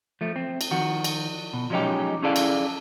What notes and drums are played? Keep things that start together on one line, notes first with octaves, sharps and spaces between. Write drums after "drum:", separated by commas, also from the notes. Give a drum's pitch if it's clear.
F3 A3
C4
drum: cymbal
D#3 F3 F#4
drum: cymbal
B2
F3 F#3 G#3 C#4 D#4 G4
C#4 E4 G#4 A4 D5 F5
drum: cymbal